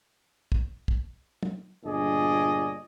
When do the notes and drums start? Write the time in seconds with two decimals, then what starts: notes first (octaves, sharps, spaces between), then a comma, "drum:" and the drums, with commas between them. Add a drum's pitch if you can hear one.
0.52 drum: kick
0.88 drum: kick
1.43 drum: tom
1.85 G1 A#2 D4 G#4 D5 D#5